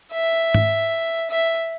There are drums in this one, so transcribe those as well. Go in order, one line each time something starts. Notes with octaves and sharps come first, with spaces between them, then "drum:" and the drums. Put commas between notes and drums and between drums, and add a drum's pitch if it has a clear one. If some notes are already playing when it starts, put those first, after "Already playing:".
E5
drum: tom G#2
E5